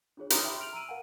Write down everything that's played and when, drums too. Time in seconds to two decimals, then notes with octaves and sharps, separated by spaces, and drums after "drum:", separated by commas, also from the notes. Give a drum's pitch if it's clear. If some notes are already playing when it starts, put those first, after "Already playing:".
0.17 D4 F4 G#4 C#5
0.30 A#5 C6 D6 D#6 F6, drum: hi-hat
0.44 E5 G5 B5 C6
0.60 F6 D7 F7 F#7
0.73 A#5 E6 D7 D#7
0.88 A#4 F5 F#5 G#5